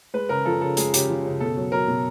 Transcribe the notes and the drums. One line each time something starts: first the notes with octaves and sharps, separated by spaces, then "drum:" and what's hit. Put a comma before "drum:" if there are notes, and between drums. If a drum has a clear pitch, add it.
G#3 B4
C#3 A#4
F3 A4
C#3 A4
G#3 G#4, drum: hi-hat
C#3 G4, drum: hi-hat
F3
C#3
B2 A4
F#3
F#3 A#4
B2